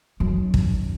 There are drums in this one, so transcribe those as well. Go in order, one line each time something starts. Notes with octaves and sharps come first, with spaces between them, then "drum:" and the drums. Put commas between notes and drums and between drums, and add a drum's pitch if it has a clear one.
F#2 D#3
drum: kick